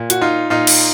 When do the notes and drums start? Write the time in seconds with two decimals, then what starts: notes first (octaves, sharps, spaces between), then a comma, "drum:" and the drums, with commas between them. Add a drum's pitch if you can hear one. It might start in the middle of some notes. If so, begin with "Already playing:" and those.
Already playing: A#2
0.10 F#4, drum: hi-hat
0.21 D#4 F4
0.50 A#2 D#4 F4
0.67 drum: cymbal